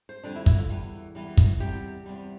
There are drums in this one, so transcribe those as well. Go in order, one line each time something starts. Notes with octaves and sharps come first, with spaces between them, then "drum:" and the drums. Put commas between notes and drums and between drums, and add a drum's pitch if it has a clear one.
C5
F2 D3 G3 D4
E4
E4, drum: kick
F4
E2 E3 G3
E2 E3 G3
drum: kick
E2 C3 G3 G4
E2 C3 G3